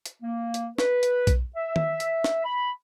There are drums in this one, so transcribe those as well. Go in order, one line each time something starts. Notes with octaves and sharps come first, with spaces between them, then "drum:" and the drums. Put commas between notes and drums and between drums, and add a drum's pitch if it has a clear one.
drum: hi-hat
A#3
drum: hi-hat
B4, drum: snare
drum: hi-hat
drum: kick B1, hi-hat
E5
drum: tom D#3
drum: hi-hat
drum: snare
B5